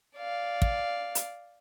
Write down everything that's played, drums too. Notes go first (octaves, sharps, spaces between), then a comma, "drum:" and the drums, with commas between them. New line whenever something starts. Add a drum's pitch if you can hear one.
D5 F5
drum: kick
drum: hi-hat